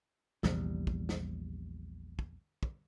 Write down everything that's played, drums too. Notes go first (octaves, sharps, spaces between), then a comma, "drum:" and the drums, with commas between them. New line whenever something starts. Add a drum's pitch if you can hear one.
A#1 E2 C3 G3, drum: snare
drum: kick
drum: snare
drum: kick
drum: kick